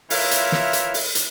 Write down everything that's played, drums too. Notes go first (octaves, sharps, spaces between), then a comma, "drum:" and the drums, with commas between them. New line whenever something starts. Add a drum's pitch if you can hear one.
E3 F4 A#4 C#5 E5, drum: open hi-hat
drum: hi-hat
drum: snare
drum: hi-hat
drum: open hi-hat
drum: hi-hat